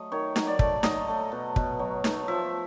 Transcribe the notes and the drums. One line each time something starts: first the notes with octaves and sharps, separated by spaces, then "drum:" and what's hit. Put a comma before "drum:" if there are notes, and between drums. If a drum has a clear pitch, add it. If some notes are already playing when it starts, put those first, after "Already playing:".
Already playing: F#3 A3 D#5
D#3 C#5
F#3, drum: snare D#4
D5
A3, drum: kick
F#3 D#5, drum: snare D#4
A3
B2
B2, drum: kick
F#3
A3, drum: snare D#4
F3 E5